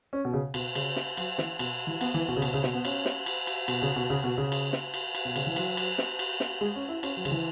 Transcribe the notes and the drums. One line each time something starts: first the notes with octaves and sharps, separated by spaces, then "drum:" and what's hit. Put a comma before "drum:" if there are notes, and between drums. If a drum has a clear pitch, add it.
C#4
B2
C#3
B2, drum: cymbal
C#3, drum: cymbal
drum: snare
F#3, drum: cymbal
E3, drum: snare
B2, drum: cymbal
E3
B3, drum: cymbal
E3
B2
C#3
B2, drum: cymbal
C#3
B2, drum: snare
B3
C#4, drum: cymbal
drum: snare
drum: cymbal
drum: cymbal
B2, drum: cymbal
C#3
B2
C#3
B2
C#3
drum: cymbal
drum: snare
drum: cymbal
drum: cymbal
B2
C#3, drum: cymbal
E3
F#3, drum: cymbal
drum: cymbal
drum: snare
drum: cymbal
drum: snare
G#3
C#4
E4
C#4, drum: cymbal
F#3
C#3, drum: cymbal
E3